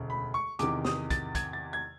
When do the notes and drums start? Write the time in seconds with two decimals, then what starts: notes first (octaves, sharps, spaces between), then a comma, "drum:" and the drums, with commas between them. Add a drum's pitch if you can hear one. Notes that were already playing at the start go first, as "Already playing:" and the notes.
Already playing: E1 D2 C#3
0.10 B5
0.34 C#6
0.59 E2 C3 D#3 D6, drum: hi-hat
0.85 D#6, drum: snare
1.10 A6, drum: kick, hi-hat
1.35 G#6, drum: kick, hi-hat
1.53 A6
1.73 G#6